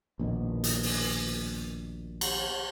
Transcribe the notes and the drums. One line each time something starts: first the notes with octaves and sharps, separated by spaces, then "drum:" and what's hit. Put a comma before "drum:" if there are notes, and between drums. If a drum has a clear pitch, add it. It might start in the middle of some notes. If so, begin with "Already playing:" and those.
A#1 D#2 B2
drum: hi-hat
drum: open hi-hat
drum: cymbal